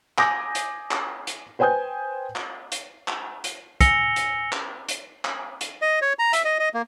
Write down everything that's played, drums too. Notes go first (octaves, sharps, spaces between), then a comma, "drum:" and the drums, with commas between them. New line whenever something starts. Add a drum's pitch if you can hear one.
G#5 D6 D#6 G6 A#6, drum: clap
drum: hi-hat
drum: clap
drum: hi-hat
B4 C5 G5 G#5 D#6 G6
drum: clap
drum: hi-hat
drum: clap
drum: hi-hat
G#5 E6 A#6 C#7 F7 G7, drum: kick, hi-hat
drum: hi-hat
drum: clap
drum: hi-hat
drum: clap
drum: hi-hat
D#5
C#5
A#5
E5, drum: hi-hat
D#5
D#5
A#3